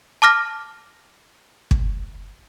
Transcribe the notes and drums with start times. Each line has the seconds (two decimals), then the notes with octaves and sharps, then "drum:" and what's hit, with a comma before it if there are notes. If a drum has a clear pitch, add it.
0.22 A5 D6 F6 A#6
1.71 drum: kick